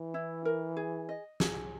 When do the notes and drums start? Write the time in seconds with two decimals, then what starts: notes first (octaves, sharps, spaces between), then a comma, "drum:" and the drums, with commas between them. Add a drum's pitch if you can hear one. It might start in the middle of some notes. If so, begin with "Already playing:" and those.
Already playing: E3
0.14 E4
0.45 A#4
0.77 G#4
1.09 D#5
1.40 G#4, drum: snare